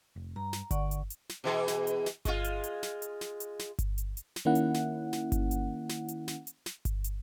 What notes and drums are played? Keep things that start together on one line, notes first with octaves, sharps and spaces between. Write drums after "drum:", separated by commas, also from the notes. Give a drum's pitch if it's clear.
F1
G2 A#5
drum: snare
D3 D5 F#5 C#6, drum: kick G1, hi-hat
drum: hi-hat
drum: hi-hat
drum: snare
B2 E3 G#4
drum: snare
drum: hi-hat
drum: snare
G#3 F4, drum: kick G1, hi-hat
drum: hi-hat
drum: hi-hat
drum: snare
drum: hi-hat
drum: snare
drum: hi-hat
drum: snare
drum: kick G1, hi-hat
drum: hi-hat
drum: hi-hat
drum: snare
D#3 A#3 C#4 E4 F#5
drum: hi-hat
drum: snare
drum: snare
drum: kick G1, hi-hat
drum: hi-hat
drum: snare
drum: hi-hat
drum: snare
drum: hi-hat
drum: snare
drum: kick G1, hi-hat
drum: hi-hat